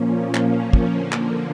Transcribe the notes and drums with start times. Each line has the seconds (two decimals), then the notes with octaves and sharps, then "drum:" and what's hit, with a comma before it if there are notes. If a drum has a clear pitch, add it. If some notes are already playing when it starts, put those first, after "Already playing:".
Already playing: A#2 F3 A#3 C#4
0.34 drum: clap
0.73 drum: kick
0.93 D3 F3 A#3
1.12 drum: clap